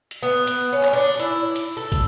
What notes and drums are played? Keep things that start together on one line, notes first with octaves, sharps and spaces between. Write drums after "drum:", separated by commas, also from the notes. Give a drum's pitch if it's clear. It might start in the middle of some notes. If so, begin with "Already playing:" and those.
drum: hi-hat
B3
drum: hi-hat
C#4
drum: clap
D4
E4, drum: hi-hat
drum: hi-hat
A4
drum: kick, hi-hat